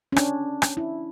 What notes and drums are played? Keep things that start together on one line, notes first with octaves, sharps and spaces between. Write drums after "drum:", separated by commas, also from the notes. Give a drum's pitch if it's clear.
C#4
D4, drum: rim click
drum: rim click
E4